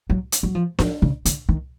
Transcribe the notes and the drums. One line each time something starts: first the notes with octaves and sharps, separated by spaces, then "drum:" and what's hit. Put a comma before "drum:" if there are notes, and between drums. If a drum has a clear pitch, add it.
F#3
drum: hi-hat
F#3
F3
F3, drum: snare D4
C#3
D3, drum: hi-hat
D#3